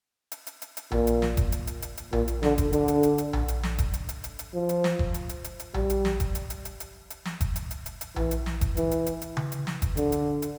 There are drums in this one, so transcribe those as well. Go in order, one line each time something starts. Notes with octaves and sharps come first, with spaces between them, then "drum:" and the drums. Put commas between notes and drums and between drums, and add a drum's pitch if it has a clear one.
drum: hi-hat
drum: hi-hat
drum: hi-hat
drum: hi-hat
A#2, drum: tom A#1
drum: hi-hat
drum: snare
drum: kick F#1, hi-hat
drum: hi-hat
drum: hi-hat
drum: hi-hat
drum: hi-hat
A#2, drum: tom A#1
drum: hi-hat
D3, drum: snare
drum: kick F#1, hi-hat
D3, drum: hi-hat
drum: hi-hat
drum: hi-hat
drum: hi-hat
drum: tom A#1
drum: hi-hat
drum: snare
drum: kick F#1, hi-hat
drum: hi-hat
drum: hi-hat
drum: hi-hat
drum: hi-hat
F3
drum: hi-hat
drum: snare
drum: kick F#1
drum: hi-hat
drum: hi-hat
drum: hi-hat
drum: hi-hat
G3, drum: tom A#1
drum: hi-hat
drum: snare
drum: kick F#1, hi-hat
drum: hi-hat
drum: hi-hat
drum: hi-hat
drum: hi-hat
drum: hi-hat
drum: snare
drum: kick F#1, hi-hat
drum: hi-hat
drum: hi-hat
drum: hi-hat
drum: hi-hat
E3, drum: tom A#1
drum: hi-hat
drum: snare
drum: kick F#1, hi-hat
E3, drum: hi-hat
drum: hi-hat
drum: hi-hat
drum: hi-hat
drum: tom C#3
drum: hi-hat
drum: snare
drum: kick F#1, hi-hat
D3, drum: hi-hat
drum: hi-hat
drum: hi-hat